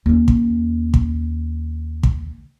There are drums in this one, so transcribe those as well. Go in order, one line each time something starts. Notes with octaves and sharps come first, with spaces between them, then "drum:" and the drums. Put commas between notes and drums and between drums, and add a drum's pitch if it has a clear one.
D#2 C#4
drum: kick
drum: kick
drum: kick